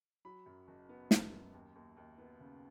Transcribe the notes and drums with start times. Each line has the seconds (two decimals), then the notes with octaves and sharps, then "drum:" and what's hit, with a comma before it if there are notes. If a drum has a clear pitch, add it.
0.25 F#3 B5
0.46 F#2
0.68 F#1
0.89 B3
1.11 F#2, drum: snare
1.32 F#2
1.54 D#2
1.75 D#2
1.97 D#2
2.18 B3
2.40 C#3